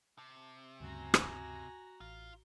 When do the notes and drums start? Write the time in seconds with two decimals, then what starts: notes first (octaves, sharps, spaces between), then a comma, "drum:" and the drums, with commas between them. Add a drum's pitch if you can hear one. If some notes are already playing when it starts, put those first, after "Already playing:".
0.18 C3 A5
0.80 D2 G2 C#3 F#4 G#5 A#5
1.14 drum: rim click
2.01 A1 F4